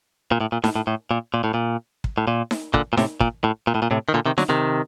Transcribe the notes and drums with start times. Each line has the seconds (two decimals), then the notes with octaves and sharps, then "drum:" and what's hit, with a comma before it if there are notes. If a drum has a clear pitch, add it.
0.32 A#2
0.40 A2
0.52 A#2
0.64 A2, drum: snare D#4
0.75 A2
0.87 A2
1.11 A#2
1.34 A#2
1.44 A2
1.54 A#2
2.04 drum: kick
2.18 A2
2.27 A#2
2.51 drum: snare D#4
2.74 A#2 D3, drum: kick
2.93 A#2
2.97 A2 C3, drum: snare D#4
3.21 A#2, drum: kick
3.44 A2
3.67 A#2
3.75 A2
3.82 A#2
3.91 A2 C3
4.09 D#3
4.14 A#2 D3
4.26 C3 D#3
4.38 D3 F#3, drum: snare D#4
4.49 C3 D#3